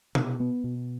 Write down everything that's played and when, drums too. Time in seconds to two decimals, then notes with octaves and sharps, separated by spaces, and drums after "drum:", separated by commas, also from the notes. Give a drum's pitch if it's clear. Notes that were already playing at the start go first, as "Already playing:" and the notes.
0.15 B2, drum: tom C3
0.40 B3
0.64 B2